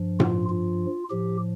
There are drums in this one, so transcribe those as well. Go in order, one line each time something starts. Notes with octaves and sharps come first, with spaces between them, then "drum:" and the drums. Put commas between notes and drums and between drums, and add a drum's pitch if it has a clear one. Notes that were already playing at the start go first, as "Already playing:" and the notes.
Already playing: G2 F3
F4, drum: tom A2
F4
A2 F3 G4